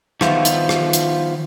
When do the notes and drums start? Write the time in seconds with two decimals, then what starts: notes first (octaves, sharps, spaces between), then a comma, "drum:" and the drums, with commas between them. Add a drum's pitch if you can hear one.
0.21 D#3 F3 B3 F4 E5, drum: rim click
0.45 drum: hi-hat
0.69 drum: rim click
0.93 drum: hi-hat